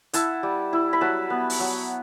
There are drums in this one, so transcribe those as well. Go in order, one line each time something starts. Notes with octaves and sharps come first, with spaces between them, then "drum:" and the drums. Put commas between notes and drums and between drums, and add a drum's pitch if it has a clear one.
E4 F#5 A5, drum: hi-hat
G3
E4
B5
F#3 F#5 A5
B3
drum: open hi-hat
F#3